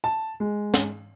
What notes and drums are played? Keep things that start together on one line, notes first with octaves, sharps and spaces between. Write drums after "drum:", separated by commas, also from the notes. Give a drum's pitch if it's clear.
A5
G#3
drum: snare